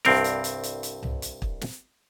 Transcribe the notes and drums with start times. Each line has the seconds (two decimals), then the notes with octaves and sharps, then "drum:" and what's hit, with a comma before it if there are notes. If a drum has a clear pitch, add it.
0.05 C2 G2 C4 A#4, drum: snare
0.24 drum: hi-hat
0.44 drum: hi-hat
0.63 drum: hi-hat
0.83 drum: hi-hat
1.03 drum: tom C2
1.22 drum: hi-hat
1.42 drum: kick
1.61 drum: snare